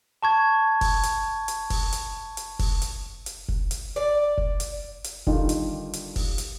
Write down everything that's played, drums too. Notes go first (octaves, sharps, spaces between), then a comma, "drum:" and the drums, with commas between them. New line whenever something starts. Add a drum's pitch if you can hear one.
A5 C#6 G#6
drum: kick F1, open hi-hat
drum: hi-hat
drum: hi-hat
drum: kick F1, open hi-hat
drum: hi-hat
drum: hi-hat
drum: kick F1, open hi-hat
drum: hi-hat
drum: hi-hat
drum: kick F1
drum: hi-hat
D5
drum: kick F1
drum: hi-hat
drum: hi-hat
D3 D#3 G3 D#4 F4 G4, drum: kick F1
drum: hi-hat
drum: hi-hat
drum: kick F1, open hi-hat
drum: hi-hat